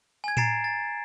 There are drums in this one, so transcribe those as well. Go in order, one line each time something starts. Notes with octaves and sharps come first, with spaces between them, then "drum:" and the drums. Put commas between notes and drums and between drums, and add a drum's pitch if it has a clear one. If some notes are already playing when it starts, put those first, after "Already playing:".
G#5 G#6
A#5 A6 C7 D7 E7, drum: tom A2
A6